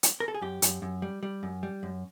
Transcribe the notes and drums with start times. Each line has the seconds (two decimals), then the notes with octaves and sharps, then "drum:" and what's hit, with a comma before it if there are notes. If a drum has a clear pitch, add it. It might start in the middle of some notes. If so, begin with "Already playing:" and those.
0.03 drum: hi-hat
0.20 A#4
0.28 A4
0.34 G#4
0.42 F#2 G4
0.62 F#2, drum: hi-hat
0.82 F#2
1.02 G3
1.23 G3
1.43 F#2
1.63 G3
1.83 F#2